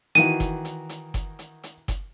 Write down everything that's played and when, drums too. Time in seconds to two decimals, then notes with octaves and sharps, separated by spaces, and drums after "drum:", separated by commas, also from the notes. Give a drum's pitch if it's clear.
0.15 D#3 E3 F#4 D#7, drum: hi-hat
0.40 drum: kick F#1, hi-hat
0.65 drum: hi-hat
0.89 drum: hi-hat
1.14 drum: kick F#1, hi-hat
1.39 drum: hi-hat
1.63 drum: hi-hat
1.88 drum: kick F#1, hi-hat